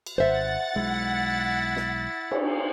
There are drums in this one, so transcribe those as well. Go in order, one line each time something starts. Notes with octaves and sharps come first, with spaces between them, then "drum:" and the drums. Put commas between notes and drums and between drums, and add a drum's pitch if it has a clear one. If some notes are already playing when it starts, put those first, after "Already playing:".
drum: cymbal
G#1 C5 E5 F#5 A6
B1 G#3 E4
drum: snare
drum: cymbal